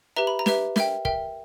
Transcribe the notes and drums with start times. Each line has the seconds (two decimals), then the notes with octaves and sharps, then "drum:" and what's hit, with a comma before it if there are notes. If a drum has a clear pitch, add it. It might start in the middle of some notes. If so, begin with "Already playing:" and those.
0.16 G4 B4 E5 A#5
0.27 B5
0.39 A#5
0.46 G4 B4 E5, drum: snare
0.76 A#4 E5 G5, drum: snare
1.05 A#4 E5 G5, drum: kick